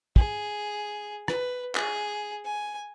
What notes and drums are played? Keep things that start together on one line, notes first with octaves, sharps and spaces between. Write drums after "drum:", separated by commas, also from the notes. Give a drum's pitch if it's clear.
G#4, drum: kick
B4, drum: rim click
G#4, drum: clap
G#5